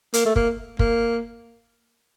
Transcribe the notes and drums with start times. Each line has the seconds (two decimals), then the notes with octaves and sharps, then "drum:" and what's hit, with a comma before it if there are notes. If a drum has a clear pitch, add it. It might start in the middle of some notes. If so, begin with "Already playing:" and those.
0.14 A#3, drum: hi-hat
0.26 A3
0.36 A#3, drum: kick
0.79 A#3, drum: kick